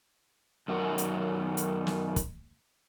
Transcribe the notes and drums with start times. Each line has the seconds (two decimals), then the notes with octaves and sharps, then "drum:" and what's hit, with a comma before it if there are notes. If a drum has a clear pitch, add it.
0.68 F#2 D#3 F#4
0.98 drum: hi-hat
1.57 drum: hi-hat
1.87 drum: snare
2.16 drum: kick, hi-hat